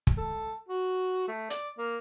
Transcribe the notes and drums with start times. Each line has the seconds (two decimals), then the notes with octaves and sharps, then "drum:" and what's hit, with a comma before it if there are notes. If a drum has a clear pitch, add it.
0.07 drum: kick
0.18 A4
0.69 F#4
1.28 A3
1.50 D5, drum: hi-hat
1.78 A#3